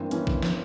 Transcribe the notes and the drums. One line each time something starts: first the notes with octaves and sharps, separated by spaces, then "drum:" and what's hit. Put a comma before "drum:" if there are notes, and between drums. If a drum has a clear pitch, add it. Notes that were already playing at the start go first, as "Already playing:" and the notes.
Already playing: G2 E3 A#3 C4
E3 B3 C#4, drum: hi-hat
drum: kick
drum: snare